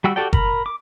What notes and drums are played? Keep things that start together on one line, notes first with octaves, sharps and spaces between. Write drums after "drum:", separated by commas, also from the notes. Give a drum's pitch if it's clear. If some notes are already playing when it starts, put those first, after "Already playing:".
G3 F#4 G5 E6
F#4 G4 A4 D5 G5
A#4 B5, drum: kick F#1
D6